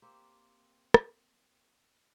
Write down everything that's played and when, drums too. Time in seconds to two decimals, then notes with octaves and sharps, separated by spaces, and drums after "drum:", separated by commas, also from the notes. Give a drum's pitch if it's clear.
0.02 A#3 C4 G4
0.94 drum: rim click